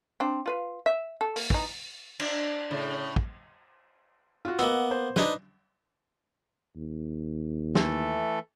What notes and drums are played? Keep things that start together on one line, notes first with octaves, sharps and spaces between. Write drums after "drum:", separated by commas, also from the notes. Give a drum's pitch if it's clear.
C4 D4
F4 B4 F5
E5
A4
A#3, drum: open hi-hat
E3 D#4, drum: kick
D4, drum: cymbal
A2 C#3
drum: kick
F4 F#4
A#3 B3 D#5 F#5 E6, drum: hi-hat
C5
D4 D#4 B4, drum: snare
D#2
E3 A3 A4, drum: snare